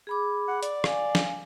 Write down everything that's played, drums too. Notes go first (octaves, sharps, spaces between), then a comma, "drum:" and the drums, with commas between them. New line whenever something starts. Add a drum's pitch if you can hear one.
G#4 B5 D6
F#5
D5, drum: hi-hat
F5 G#5, drum: rim click
drum: snare